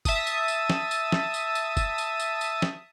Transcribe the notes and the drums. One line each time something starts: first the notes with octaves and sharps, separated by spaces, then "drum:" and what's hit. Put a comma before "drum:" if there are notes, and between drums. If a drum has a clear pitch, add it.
E5 A5 D#6, drum: kick, tambourine
drum: tambourine
drum: tambourine
drum: snare
drum: tambourine
drum: snare
drum: tambourine
drum: tambourine
drum: kick, tambourine
drum: tambourine
drum: tambourine
drum: tambourine
drum: snare